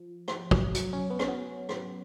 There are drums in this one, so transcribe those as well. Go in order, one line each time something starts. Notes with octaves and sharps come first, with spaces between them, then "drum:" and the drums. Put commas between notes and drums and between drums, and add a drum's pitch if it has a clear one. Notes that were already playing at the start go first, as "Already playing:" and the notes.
Already playing: F3
drum: rim click
drum: kick
F#3, drum: hi-hat
C#4
B3
C#4, drum: rim click
B3
drum: rim click